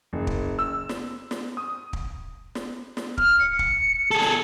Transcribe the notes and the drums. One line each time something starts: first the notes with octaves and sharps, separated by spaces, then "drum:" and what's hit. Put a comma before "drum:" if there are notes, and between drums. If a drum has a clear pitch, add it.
F#1
drum: kick
E6
drum: snare
drum: snare
D#6
drum: kick
drum: snare
drum: snare
F6, drum: kick
C#7
drum: kick
G#4 A4
drum: snare